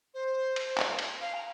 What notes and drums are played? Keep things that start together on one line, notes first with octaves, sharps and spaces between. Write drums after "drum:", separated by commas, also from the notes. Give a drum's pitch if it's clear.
C5
drum: cymbal
drum: clap
drum: cymbal
F5
A#5